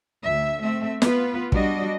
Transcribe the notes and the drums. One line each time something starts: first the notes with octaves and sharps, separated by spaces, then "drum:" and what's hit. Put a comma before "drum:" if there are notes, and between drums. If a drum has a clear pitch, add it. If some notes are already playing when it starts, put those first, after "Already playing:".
D2 E5
A3 C4 E5
B3 F4 B4, drum: snare
G3 D4 F#4 D#5, drum: kick